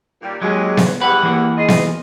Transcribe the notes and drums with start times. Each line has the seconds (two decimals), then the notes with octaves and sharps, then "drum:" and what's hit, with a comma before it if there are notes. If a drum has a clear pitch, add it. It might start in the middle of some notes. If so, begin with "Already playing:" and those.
0.22 A#2 D#3 G3
0.42 D#2 F#3 G#3
0.77 drum: snare B3
1.01 E2 G3 B4 F#5
1.23 E3 A#3
1.57 F4 G#4 D#5
1.68 drum: snare B3